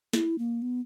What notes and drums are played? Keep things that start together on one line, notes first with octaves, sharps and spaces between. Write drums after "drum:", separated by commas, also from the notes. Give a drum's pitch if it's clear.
E4, drum: snare
A#3
B3